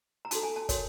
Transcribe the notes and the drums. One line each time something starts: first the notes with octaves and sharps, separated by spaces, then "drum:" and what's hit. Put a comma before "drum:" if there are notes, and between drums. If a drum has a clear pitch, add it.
A#5
D#4 F#4 A4 A5, drum: hi-hat
G#5
A5
F#4 A#4 C#5, drum: kick, hi-hat